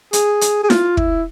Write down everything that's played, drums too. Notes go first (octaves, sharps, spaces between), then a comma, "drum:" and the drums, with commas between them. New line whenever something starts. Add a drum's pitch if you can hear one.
G#4, drum: hi-hat
drum: hi-hat
G#4
F4, drum: snare E4
E4, drum: kick